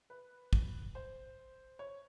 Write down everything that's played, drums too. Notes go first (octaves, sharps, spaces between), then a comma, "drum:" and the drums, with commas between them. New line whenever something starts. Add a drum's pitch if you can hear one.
B4
drum: kick
C5
C#5